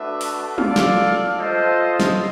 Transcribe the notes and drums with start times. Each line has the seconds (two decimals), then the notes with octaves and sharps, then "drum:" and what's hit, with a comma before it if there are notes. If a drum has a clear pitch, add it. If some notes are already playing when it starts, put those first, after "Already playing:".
Already playing: A3 D4 F#4 B4 E5
0.21 drum: open hi-hat
0.58 F4 A4 D5 F5, drum: tom G3
0.76 drum: snare
1.38 F4 A4 C5 D#5
2.00 drum: snare